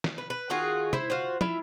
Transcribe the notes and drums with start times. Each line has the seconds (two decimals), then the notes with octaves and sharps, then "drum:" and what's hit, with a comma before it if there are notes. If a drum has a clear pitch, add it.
0.04 drum: snare
0.18 B4
0.30 B4
0.50 D#3 F4 F#4 G#4
0.93 E4 C5, drum: tom
1.10 F4 F#4 C5
1.41 E4 F4 E5, drum: tom